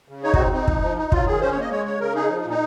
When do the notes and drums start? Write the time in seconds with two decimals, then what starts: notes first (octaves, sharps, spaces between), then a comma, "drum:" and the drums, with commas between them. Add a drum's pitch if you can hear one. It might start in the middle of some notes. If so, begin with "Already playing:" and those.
0.09 C#3
0.23 D#4 C#5
0.34 F#4, drum: kick
0.38 C4
0.52 C4 D#4
0.68 F3, drum: kick
0.82 F3
0.98 D#4
1.12 F#3 F4, drum: kick
1.27 D#3 G#4
1.41 C#4 C5
1.51 C#5
1.56 A#3 D#5
1.71 G#3 C#5
1.85 C#3 C#5
2.00 C#3 A#4
2.15 D#4 G#4
2.30 F3
2.40 D#4
2.45 A#2
2.50 D#4